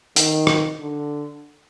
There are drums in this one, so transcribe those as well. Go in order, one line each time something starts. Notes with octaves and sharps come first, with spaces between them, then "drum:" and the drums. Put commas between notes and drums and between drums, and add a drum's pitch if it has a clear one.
D#3, drum: hi-hat
drum: rim click
D3